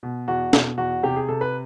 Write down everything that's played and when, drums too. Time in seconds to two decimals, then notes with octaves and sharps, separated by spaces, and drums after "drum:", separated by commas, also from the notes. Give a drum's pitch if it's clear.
0.03 B2
0.28 E2 F#4
0.53 B2, drum: snare
0.78 E2 F#4
1.03 C3 G4
1.16 G#4
1.28 C3 A4
1.41 B4